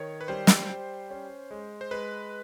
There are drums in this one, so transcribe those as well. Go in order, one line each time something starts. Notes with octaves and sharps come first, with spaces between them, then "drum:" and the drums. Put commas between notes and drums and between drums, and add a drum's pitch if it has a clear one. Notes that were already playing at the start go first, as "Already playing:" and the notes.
Already playing: D#3 C#5
B4
G3 C5
drum: snare
G3
C#4
G#3
C5
G#3 B4